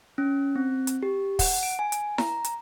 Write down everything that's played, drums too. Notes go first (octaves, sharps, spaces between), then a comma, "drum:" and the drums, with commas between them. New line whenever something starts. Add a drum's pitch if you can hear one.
C#4
C4
drum: hi-hat
G4
F#5, drum: kick, open hi-hat
D7
G#5
drum: hi-hat
A#5, drum: snare E4
drum: hi-hat